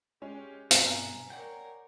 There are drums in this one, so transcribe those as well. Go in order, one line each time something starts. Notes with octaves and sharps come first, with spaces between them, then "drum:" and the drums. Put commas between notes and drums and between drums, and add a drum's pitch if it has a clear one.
G#3 C#4 G4
G2 B2 G#5 A#5, drum: hi-hat
A#4 C#5 D5 F#5 G5